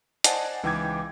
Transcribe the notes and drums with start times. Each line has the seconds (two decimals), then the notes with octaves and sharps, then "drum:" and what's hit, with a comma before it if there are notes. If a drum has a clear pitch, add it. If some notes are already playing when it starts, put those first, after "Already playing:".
0.24 C5 D5 D#5 F#5 G#5 A5, drum: hi-hat
0.63 C#2 E3 D#4 G5 D6 G#6